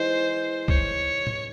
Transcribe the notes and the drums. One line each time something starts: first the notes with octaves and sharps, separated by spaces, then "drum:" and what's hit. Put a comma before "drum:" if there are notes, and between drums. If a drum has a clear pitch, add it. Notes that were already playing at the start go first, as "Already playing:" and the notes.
Already playing: E3 G#3 D#4 C5
C#5, drum: kick C2
drum: tom A2